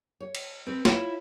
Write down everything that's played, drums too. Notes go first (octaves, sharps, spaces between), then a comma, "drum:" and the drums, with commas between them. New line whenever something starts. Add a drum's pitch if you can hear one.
C#5
drum: cymbal
C4 B4
E4 F4 C#5 E5, drum: snare